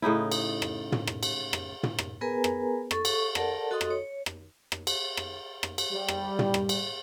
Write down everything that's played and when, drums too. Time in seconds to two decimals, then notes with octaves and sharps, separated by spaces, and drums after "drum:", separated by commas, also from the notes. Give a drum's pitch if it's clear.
0.02 A2 C#3 D#4 E4
0.32 drum: cymbal
0.62 drum: rim click
0.92 drum: tom
1.07 drum: rim click
1.23 drum: cymbal
1.53 drum: rim click
1.83 drum: tom
1.99 drum: rim click
2.21 B3 G#4 A#4 B4 G#5 A#5
2.44 drum: rim click
2.91 A4 C#6, drum: rim click
3.05 drum: cymbal
3.35 A4 A#4 D5 F#5 A5, drum: rim click
3.71 F#4 A4 D#5 C6 D#6
3.81 drum: rim click
3.90 C#5
4.26 drum: rim click
4.72 drum: rim click
4.87 drum: cymbal
5.17 drum: rim click
5.63 drum: rim click
5.78 drum: cymbal
5.92 G3
6.08 drum: rim click
6.39 drum: tom
6.54 drum: rim click
6.69 drum: cymbal